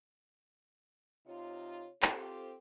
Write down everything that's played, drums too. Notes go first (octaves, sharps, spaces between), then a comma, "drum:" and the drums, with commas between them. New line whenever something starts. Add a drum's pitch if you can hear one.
C3 D#4 F4 C#5
C4 F4 G4 A4 C5, drum: clap